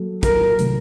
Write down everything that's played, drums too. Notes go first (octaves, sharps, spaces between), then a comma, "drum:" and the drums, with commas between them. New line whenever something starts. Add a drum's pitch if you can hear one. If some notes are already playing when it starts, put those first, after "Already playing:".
Already playing: F#3 A#3 F#4 A4
A#4, drum: kick, hi-hat
C3 D#3 F#3 A3, drum: hi-hat